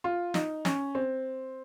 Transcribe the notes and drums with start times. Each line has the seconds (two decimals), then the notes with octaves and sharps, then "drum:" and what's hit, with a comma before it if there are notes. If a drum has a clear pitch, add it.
0.04 F4
0.34 D#4, drum: snare
0.65 C#4, drum: snare
0.95 C4